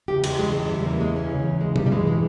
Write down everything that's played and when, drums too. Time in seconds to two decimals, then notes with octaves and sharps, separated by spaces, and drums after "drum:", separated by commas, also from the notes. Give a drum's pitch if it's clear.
0.08 E2 C#3 E3 G4
0.24 G#3, drum: cymbal
0.39 G#3
0.55 G#3
0.69 E2 C#3 E3 G3
0.85 A#3
1.01 G#3
1.16 C#4
1.31 E2 C#3 E3
1.61 G#3
1.76 G3, drum: tom
1.86 G3
1.91 G2 E3 G#3
2.07 G#3